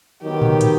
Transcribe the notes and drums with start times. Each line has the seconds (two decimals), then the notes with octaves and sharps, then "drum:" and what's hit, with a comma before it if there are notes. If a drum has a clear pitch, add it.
0.22 D#3 F#3 B3 G4
0.42 drum: tom A2
0.61 drum: hi-hat